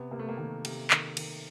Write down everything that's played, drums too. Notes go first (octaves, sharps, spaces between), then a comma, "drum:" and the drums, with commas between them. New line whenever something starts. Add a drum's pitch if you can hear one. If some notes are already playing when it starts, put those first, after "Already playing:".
Already playing: C3 B3
C3 A#3
A3
A#3
D#3 A3
C3, drum: cymbal
D#3, drum: clap
D#3, drum: cymbal